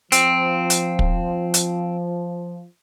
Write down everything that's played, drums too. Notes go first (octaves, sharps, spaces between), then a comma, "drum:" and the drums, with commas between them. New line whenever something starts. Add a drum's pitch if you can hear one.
F3 C4, drum: hi-hat
drum: hi-hat
drum: kick
drum: hi-hat